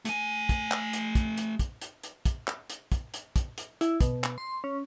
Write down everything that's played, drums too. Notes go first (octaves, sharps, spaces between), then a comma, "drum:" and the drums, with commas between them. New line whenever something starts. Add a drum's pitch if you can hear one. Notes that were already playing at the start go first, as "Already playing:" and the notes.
A3 G#5, drum: hi-hat
drum: kick, hi-hat
drum: clap
drum: hi-hat
drum: kick, hi-hat
drum: hi-hat
drum: kick, hi-hat
drum: hi-hat
drum: hi-hat
drum: kick, hi-hat
drum: clap
drum: hi-hat
drum: kick, hi-hat
drum: hi-hat
drum: kick, hi-hat
drum: hi-hat
E4, drum: hi-hat
B2, drum: kick, hi-hat
drum: clap
C6
C#4